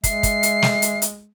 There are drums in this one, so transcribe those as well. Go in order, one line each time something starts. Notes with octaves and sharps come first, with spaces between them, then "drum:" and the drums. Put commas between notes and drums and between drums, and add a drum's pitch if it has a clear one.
G#3 E5 C7, drum: kick, hi-hat
drum: kick, hi-hat
drum: hi-hat
drum: snare
drum: hi-hat
drum: hi-hat